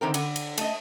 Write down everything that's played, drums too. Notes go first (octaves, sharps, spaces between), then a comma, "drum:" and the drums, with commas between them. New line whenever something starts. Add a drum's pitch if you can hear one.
D3 D#3 C4 A#4
D3, drum: cymbal
drum: cymbal
A3 D#5, drum: cymbal